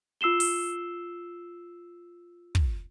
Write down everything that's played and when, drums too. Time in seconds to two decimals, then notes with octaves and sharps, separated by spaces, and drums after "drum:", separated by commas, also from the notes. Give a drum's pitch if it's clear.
0.21 F4 E6 C7 E7 G7
0.40 drum: open hi-hat
2.55 drum: kick